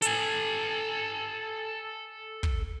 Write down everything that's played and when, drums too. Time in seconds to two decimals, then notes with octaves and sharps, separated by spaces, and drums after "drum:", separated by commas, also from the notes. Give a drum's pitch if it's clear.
0.02 A4 G#5, drum: hi-hat
2.43 drum: kick